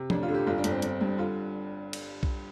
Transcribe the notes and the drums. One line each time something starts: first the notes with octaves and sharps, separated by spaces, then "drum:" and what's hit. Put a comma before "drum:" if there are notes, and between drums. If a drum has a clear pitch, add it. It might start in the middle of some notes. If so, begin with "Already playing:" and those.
Already playing: C3
A1 D4, drum: tom F3
F4
D3
G4
G1 F4
D4
G1, drum: hi-hat
C4
G1, drum: hi-hat
G2
D3 F4
drum: cymbal
drum: kick B1